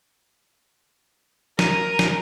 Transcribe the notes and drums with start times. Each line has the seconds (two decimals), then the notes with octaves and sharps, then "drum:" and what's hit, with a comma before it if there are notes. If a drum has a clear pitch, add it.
1.59 A#4 D#7, drum: snare
1.99 drum: snare